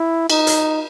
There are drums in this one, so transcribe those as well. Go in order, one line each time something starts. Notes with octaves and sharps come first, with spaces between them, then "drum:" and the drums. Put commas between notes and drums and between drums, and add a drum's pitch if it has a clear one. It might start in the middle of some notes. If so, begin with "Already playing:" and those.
Already playing: E4
D#4, drum: cymbal
drum: hi-hat